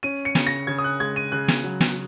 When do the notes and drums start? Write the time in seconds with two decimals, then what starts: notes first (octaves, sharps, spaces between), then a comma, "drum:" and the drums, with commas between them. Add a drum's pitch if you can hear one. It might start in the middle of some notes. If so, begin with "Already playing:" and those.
0.03 C#4 D#7
0.25 C#7
0.35 C#3, drum: snare
0.47 A#6
0.67 C#3 G#6
0.78 D#6
0.84 F#6
1.00 G#3 G#6
1.16 D#7
1.32 C#3 F#6
1.48 drum: snare
1.64 F#3
1.80 drum: snare